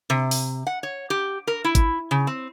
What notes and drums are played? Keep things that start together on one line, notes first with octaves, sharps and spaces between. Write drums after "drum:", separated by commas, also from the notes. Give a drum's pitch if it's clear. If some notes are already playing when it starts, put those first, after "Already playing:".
C3
drum: open hi-hat
F#5
C#5
G4
A#4
E4
drum: kick, hi-hat
C#3
C4